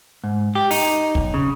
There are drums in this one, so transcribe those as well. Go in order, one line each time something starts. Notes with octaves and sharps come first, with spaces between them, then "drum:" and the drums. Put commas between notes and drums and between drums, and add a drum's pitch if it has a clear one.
G#2
G4
D#4, drum: open hi-hat
B1, drum: kick
C#3